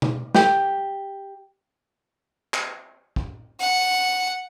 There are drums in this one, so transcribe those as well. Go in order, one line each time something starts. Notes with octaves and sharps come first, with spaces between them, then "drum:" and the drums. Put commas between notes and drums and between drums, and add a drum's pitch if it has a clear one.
drum: tom B2
G4, drum: snare
drum: clap
drum: kick
F#5